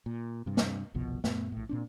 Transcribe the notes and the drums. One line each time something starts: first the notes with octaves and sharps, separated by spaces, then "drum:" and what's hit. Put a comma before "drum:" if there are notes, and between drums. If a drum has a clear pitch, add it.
A#2
G2 C3
drum: snare
G1 C2 B2 F3
F#2 A#2 A3 B3, drum: snare
A#1 A2
A#2 C4 D4